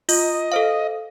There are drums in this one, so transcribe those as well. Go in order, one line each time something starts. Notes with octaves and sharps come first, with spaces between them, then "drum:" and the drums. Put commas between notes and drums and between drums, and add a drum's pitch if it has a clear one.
F4 D#5, drum: open hi-hat
A4 C5 F5